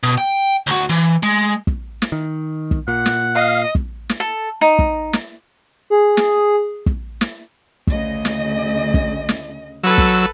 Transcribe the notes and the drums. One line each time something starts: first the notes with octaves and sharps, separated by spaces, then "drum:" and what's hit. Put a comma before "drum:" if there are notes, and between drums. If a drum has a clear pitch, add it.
B2
G5
D2 F#4
E3
G#3
drum: kick
drum: snare
D#3
drum: kick
A#2 F#5
drum: snare
D#5 F5
drum: kick
drum: snare
A4
D#4
drum: kick
drum: snare
G#4
drum: snare
drum: kick
drum: snare
D2 C#3 D#5, drum: kick
drum: snare
drum: kick
drum: snare
F#3 A4 B4 E6
drum: kick